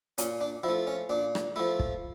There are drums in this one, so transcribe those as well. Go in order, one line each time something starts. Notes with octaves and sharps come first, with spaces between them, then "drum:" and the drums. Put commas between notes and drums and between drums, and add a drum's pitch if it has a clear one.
A#2 C#4, drum: hi-hat
D4
F3 E4
A3
C#4
A#2 D4
drum: rim click
F3 A3 E4
drum: kick